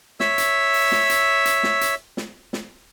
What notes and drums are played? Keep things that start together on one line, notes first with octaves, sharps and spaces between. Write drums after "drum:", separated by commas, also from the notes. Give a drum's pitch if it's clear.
C#5 E5 E6, drum: snare
drum: hi-hat
drum: open hi-hat
drum: snare
drum: hi-hat
drum: hi-hat
drum: snare
drum: hi-hat
drum: snare
drum: snare